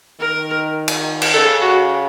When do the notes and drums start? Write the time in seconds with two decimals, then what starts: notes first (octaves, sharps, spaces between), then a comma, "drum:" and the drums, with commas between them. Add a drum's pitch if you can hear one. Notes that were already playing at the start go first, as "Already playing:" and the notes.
0.20 D#3 A#4
0.88 drum: cymbal
1.22 drum: cymbal
1.34 C#3 A4
1.62 F#4